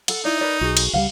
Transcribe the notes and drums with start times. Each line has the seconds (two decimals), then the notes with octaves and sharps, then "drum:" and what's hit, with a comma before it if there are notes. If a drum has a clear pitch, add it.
0.08 A4 F#5, drum: cymbal
0.25 D#4 E4 D5
0.41 A#4 B4 D5
0.61 B1 F#4 G#4
0.77 drum: cymbal
0.93 C#2 F3 G3 F5 F#5